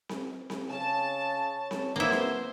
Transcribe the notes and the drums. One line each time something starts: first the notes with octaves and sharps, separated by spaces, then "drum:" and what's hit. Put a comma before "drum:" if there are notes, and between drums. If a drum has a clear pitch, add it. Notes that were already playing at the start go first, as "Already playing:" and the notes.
drum: snare C4
drum: snare C4
C#3 C#5 A5
drum: snare C4
A#3 B3 E4 A#4 C5
drum: snare C4